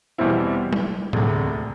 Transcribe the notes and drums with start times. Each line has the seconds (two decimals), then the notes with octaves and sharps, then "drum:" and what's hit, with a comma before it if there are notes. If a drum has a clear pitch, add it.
0.18 E2 B2 G3 C4 E4
0.73 drum: tom F#3
1.13 E1 D2 C3, drum: tom A2